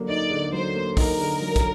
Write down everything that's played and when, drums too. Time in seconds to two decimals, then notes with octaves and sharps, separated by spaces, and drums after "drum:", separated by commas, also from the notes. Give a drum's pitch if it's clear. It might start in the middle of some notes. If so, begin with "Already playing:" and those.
Already playing: D3 F#3 A#3
0.08 D#4 D5
0.31 D3
0.53 F#3 C5
0.75 A#3
0.97 D#4 A#4, drum: kick, open hi-hat
1.19 D3
1.42 F#3
1.56 drum: kick, hi-hat